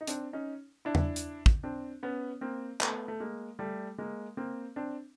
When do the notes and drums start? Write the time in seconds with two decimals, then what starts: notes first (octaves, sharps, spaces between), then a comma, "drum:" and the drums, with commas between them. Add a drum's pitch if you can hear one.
0.01 D#4
0.07 C4 D4, drum: hi-hat
0.33 C#4 D#4
0.85 D4 E4
0.95 drum: tom E2
1.16 drum: hi-hat
1.46 drum: kick
1.63 C4 D4
2.03 B3 C#4
2.41 A#3 C4
2.80 A3 B3, drum: clap
3.08 A3
3.20 G#3 A#3
3.59 G3 A3
3.98 G#3 A#3
4.37 A#3 C4
4.76 C4 D4